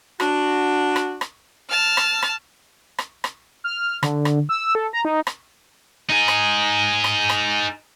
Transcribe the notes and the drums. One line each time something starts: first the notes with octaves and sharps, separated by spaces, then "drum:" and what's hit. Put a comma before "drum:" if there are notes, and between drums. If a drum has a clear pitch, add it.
D4 F#4, drum: rim click
drum: rim click
drum: rim click
A5 F6
drum: rim click
drum: rim click
drum: rim click
drum: rim click
F6
D3, drum: rim click
drum: rim click
E6
A4
A#5
D#4
drum: rim click
D#4 G#4
drum: rim click
drum: rim click
drum: rim click